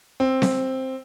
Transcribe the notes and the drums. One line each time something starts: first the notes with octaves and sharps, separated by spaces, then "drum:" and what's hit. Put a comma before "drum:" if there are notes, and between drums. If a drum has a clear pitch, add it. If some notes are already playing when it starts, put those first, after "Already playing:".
C4
drum: snare C4